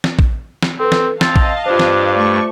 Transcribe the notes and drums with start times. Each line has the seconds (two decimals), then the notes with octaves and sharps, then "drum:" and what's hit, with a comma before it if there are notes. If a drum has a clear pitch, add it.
0.04 drum: snare
0.19 drum: kick
0.63 drum: snare
0.80 C4 A4 B4
0.92 drum: snare
1.21 C4 D#5 F5 A5 A6, drum: snare
1.36 drum: kick
1.66 G2 D4 F4 C5
1.80 drum: snare
2.13 A3 D5 C#6